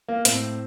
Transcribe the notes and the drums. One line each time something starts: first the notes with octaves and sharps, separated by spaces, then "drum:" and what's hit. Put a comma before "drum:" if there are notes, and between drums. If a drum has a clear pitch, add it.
A#3
A2 C4, drum: hi-hat